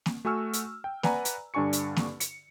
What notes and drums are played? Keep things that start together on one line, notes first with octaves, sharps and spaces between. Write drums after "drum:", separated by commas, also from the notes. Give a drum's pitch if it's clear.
drum: snare A#3
A3 F#4 G#5 C#6 E6 F6
drum: hi-hat
G5
B4 D5 F#5 G#5 A#5, drum: snare A#3
drum: hi-hat
G2 D3 D4 G#5 C#6 C#7
drum: hi-hat
drum: snare A#3
C#7, drum: hi-hat